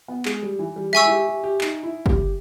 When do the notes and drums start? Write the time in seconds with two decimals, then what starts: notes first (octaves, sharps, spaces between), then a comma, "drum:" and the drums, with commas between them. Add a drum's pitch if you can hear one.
0.08 B3
0.25 G#3, drum: clap
0.42 G3
0.59 E3
0.76 G3
0.93 G#3 E5 G#5 C#6 E6
1.05 E4
1.10 G4
1.27 G4
1.43 G4
1.61 D#4, drum: clap
1.83 E4
2.06 G4, drum: kick